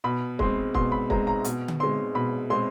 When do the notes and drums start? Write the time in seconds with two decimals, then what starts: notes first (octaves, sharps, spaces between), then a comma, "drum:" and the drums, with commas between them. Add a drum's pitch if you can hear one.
0.04 B2 B5
0.39 G#3 C4 C6, drum: kick
0.74 B2 C6, drum: kick
0.92 B5
1.10 G#3 C4 A#5, drum: kick
1.27 A#5
1.44 B2, drum: hi-hat
1.68 drum: tom D3
1.80 G#3 C4 C6
2.15 B2 B5
2.50 G#3 C4 C6